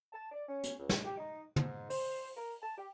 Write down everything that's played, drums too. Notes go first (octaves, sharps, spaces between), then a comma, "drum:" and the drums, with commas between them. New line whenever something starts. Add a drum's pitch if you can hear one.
A5
D5
C#4
drum: hi-hat
C#2
drum: snare
G4
D#4
G#2, drum: tom
C5, drum: open hi-hat
A#4
A5
G4